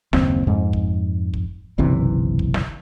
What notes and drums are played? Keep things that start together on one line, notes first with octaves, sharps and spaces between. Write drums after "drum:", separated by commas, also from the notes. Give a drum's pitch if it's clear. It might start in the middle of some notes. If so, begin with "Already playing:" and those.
F#1 D#2 C4, drum: snare
F2 G#2
drum: kick
drum: kick
F#1 B1 C3 E3
drum: kick
drum: snare